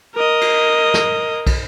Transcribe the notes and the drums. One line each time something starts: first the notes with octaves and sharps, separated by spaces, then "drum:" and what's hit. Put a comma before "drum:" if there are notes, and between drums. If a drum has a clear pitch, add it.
A#4 D#5
drum: cymbal
drum: snare
drum: kick, cymbal